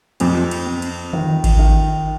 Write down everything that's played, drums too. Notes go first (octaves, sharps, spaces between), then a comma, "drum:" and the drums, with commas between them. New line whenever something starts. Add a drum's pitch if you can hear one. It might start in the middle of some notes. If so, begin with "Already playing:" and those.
F2 C4, drum: cymbal
drum: cymbal
C4
drum: cymbal
D#3, drum: tom D#3
drum: kick A1, cymbal
D#3